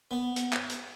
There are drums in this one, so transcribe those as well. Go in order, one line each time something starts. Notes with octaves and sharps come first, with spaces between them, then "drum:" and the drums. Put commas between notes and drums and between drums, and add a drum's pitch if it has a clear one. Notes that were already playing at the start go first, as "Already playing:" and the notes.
B3
drum: hi-hat
drum: clap
drum: hi-hat